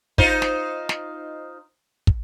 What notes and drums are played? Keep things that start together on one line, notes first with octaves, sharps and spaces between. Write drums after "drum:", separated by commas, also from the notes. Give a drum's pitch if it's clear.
D#4 F4 C5, drum: kick
drum: snare
drum: snare
drum: kick